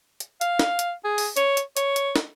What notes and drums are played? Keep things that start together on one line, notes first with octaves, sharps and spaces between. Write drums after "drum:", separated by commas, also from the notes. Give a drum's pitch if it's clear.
drum: hi-hat
F5, drum: hi-hat
drum: snare
drum: hi-hat
G#4
drum: open hi-hat
C#5, drum: hi-hat
drum: hi-hat
C#5, drum: hi-hat
drum: hi-hat
drum: snare